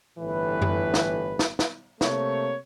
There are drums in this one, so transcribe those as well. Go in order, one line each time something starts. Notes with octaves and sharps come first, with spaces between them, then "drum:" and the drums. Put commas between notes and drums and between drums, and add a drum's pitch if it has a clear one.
G1 A2 E3 B4
drum: tom F#2
drum: snare
drum: snare
drum: snare
C3 A3 A#3 C#5, drum: snare